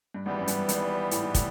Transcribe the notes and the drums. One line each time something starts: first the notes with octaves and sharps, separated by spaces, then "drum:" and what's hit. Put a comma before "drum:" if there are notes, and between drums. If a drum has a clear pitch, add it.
G2
G#1 G#2 E3 G3 B3
F#2
G2, drum: hi-hat
G#1 G#2, drum: hi-hat
A2, drum: hi-hat
G#2
A2, drum: kick, hi-hat